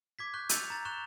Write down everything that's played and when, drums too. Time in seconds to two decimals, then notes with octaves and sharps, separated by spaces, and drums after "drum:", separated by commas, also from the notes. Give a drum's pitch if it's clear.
0.19 D6 G#6 B6
0.34 C#6 F#6 G6
0.49 E6 F#6 G6 A6 C#7 F7, drum: hi-hat
0.70 A#5 A6
0.85 C#6 F#6 E7 F7 G7